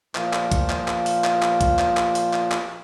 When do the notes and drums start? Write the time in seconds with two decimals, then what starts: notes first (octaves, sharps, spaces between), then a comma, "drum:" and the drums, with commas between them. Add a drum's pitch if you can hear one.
0.15 A#2 F3, drum: clap
0.33 drum: clap
0.52 drum: kick, hi-hat
0.70 drum: clap
0.88 drum: clap
1.06 drum: open hi-hat
1.24 drum: clap
1.42 drum: clap
1.61 drum: kick, hi-hat
1.79 drum: clap
1.97 drum: clap
2.15 drum: open hi-hat
2.33 drum: clap
2.52 drum: clap